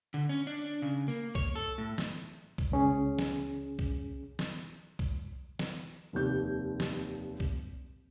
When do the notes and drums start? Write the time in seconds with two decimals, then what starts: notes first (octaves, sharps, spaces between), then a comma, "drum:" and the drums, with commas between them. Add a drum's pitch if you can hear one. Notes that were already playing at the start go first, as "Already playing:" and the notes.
0.14 D3
0.29 C#4
0.47 D4
0.82 C#3
1.08 A#3
1.35 C#5, drum: kick B1
1.55 A4
1.78 A2
1.98 drum: snare
2.58 drum: kick B1
2.72 C#2 C#4 G#4
3.19 drum: snare
3.79 drum: kick B1
4.39 drum: snare
4.99 drum: kick B1
5.59 drum: snare
6.13 F1 D#2 G6
6.80 drum: snare
7.40 drum: kick B1